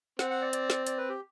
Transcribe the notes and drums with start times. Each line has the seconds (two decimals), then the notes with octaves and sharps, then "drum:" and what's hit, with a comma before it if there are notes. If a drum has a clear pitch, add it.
0.19 C4 F#5, drum: snare
0.31 F#5
0.42 D5
0.53 D5, drum: hi-hat
0.70 drum: snare
0.87 D5, drum: hi-hat
0.97 B4
1.09 G4